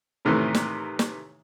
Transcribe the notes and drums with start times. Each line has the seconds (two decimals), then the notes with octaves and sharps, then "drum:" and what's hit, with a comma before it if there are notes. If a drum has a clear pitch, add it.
0.25 A2 C3 D#3 E3 A3
0.55 drum: snare
0.99 drum: snare